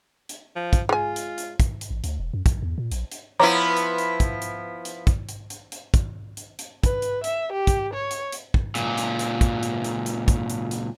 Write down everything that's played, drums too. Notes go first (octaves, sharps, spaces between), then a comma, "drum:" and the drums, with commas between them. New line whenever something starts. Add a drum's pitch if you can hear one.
drum: hi-hat
F3
drum: kick, hi-hat
G#3 F4 G#5
drum: hi-hat
drum: hi-hat
drum: kick, hi-hat
drum: hi-hat
A1
D2, drum: hi-hat
E1
F#2
A#1, drum: kick, hi-hat
E2
A#2
A#1, drum: hi-hat
drum: hi-hat
F3 B3 E4 C#5 A#5 D6
drum: hi-hat
drum: hi-hat
drum: kick, hi-hat
drum: hi-hat
drum: hi-hat
drum: kick, hi-hat
drum: hi-hat
drum: hi-hat
drum: hi-hat
drum: kick, hi-hat
drum: hi-hat
drum: hi-hat
B4, drum: kick, hi-hat
drum: hi-hat
E5, drum: hi-hat
G4
drum: kick, hi-hat
C#5
drum: hi-hat
drum: hi-hat
drum: kick
C#2 A#2, drum: hi-hat
drum: hi-hat
drum: hi-hat
drum: kick, hi-hat
drum: hi-hat
drum: hi-hat
drum: hi-hat
drum: kick, hi-hat
drum: hi-hat
drum: hi-hat